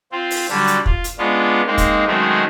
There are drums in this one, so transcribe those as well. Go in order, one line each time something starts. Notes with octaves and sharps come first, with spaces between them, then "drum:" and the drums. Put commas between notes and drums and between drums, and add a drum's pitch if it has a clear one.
C4 F4
drum: open hi-hat
D3 F#3 G3 D4
drum: hi-hat
F4, drum: kick
drum: hi-hat
G#3 B3 C#4 D4 F4
G#3 A#3 C4 D#4
drum: kick, hi-hat
D#3 F#3 G#3 A3 C4 C#4